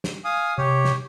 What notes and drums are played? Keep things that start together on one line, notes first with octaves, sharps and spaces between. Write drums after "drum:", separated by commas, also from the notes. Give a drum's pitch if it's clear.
drum: snare
F5 G#5 D#6
C3 G4 C#5
drum: snare